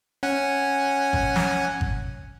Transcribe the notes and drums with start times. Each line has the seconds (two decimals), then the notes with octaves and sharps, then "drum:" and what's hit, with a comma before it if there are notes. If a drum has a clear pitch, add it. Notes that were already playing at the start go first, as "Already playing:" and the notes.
0.23 C#4 F#5 G#5
1.13 drum: kick G#1
1.36 drum: snare
1.81 drum: kick G#1